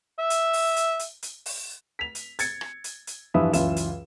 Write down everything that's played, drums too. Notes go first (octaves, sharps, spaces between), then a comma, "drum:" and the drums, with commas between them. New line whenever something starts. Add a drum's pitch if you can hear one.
E5
drum: hi-hat
drum: open hi-hat
drum: hi-hat
drum: hi-hat
drum: hi-hat
drum: open hi-hat
B6 F7
drum: hi-hat
G#6 A6 C#7, drum: hi-hat
drum: rim click
drum: hi-hat
drum: hi-hat
G2 E3 F3 B4 E5 D#6
C#2 F#2 E3 F4 E5 E7, drum: hi-hat
drum: hi-hat